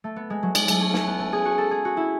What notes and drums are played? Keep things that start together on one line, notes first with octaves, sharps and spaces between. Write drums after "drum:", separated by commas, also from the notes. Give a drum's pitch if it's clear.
A3
B3
G#3
F#3
G#3, drum: cymbal
A3, drum: cymbal
C#4
C#4, drum: snare
B3
A3
G#4
F#4
A4
G#4
F#4
E4